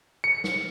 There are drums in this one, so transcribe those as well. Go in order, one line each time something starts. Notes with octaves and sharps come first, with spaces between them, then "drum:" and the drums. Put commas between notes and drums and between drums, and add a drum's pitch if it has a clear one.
C#7
drum: snare